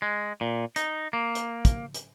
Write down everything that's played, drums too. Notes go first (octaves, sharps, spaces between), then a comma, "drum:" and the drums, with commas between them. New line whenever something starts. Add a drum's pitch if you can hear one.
G#3
A#2
D#4, drum: hi-hat
A#3
drum: hi-hat
drum: kick, hi-hat
drum: hi-hat